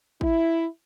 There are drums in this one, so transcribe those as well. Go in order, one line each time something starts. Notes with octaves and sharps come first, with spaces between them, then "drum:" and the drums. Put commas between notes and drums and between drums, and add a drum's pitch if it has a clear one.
E4, drum: kick